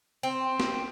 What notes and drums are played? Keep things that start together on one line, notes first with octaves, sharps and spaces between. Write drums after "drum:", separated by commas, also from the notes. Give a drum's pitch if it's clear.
C4
drum: snare